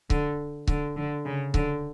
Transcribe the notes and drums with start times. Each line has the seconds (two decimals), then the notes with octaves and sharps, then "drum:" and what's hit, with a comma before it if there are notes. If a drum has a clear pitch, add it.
0.10 D3, drum: kick C#1
0.68 D3, drum: kick C#1
0.96 D3
1.25 C#3
1.54 D3, drum: kick C#1